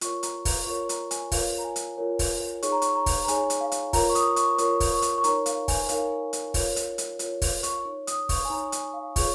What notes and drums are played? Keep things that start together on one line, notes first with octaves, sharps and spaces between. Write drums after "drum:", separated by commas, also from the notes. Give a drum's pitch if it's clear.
F4 A#4 C#5 C#6, drum: hi-hat
A#5, drum: hi-hat
A#5, drum: kick, open hi-hat
F4 A#4 C#5 C#6
A#5, drum: hi-hat
G#5, drum: hi-hat
F4 A#4 C#5 F5, drum: kick, open hi-hat
A#5
G#5
drum: hi-hat
F4 A#4 C#5
drum: kick, open hi-hat
D#4 G#4 C#5 C#6, drum: hi-hat
A#5
C#6, drum: hi-hat
A#5
drum: kick, open hi-hat
A#5
D#4 G#4 C#5 G#5, drum: hi-hat
drum: hi-hat
F5
drum: hi-hat
F4 A#4 C#5 A#5, drum: kick, open hi-hat
C#6
D#6, drum: hi-hat
C#6, drum: hi-hat
F4 A#4 C#5 C#6, drum: hi-hat
drum: kick, open hi-hat
C#6
drum: hi-hat
C#6
D#4 A#4 C#5 A#5, drum: hi-hat
F5, drum: hi-hat
G#5, drum: kick, open hi-hat
D#4 A#4 C#5 F5, drum: hi-hat
drum: hi-hat
F4 A#4 C#5, drum: kick, open hi-hat
drum: hi-hat
drum: hi-hat
F4 A#4 C#5, drum: hi-hat
drum: kick, open hi-hat
C#6, drum: hi-hat
D#4 C#5
D#6, drum: hi-hat
C#6, drum: kick, open hi-hat
G#5
D#4 C#5 A#5
G#5, drum: hi-hat
F5
F4 G#4 C#5 C#6, drum: kick, open hi-hat